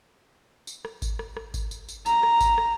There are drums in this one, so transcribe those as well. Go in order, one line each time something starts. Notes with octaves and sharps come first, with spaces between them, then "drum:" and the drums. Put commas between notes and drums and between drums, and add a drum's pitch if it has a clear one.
drum: tambourine
drum: rim click
drum: kick G#1, tambourine
drum: rim click
drum: rim click
drum: kick G#1, tambourine
drum: tambourine
drum: tambourine
A#5, drum: tambourine
drum: rim click
drum: kick G#1, tambourine
drum: rim click